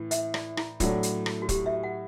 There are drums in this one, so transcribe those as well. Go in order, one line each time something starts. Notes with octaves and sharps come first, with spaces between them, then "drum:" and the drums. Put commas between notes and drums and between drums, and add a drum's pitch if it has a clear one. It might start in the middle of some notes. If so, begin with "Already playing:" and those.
Already playing: A2 E3
E5, drum: hi-hat
D5, drum: rim click
E4, drum: rim click
A2 F#3 A3 D4, drum: kick, hi-hat
drum: hi-hat
drum: rim click
F#4
G4, drum: kick, hi-hat
E5
F#5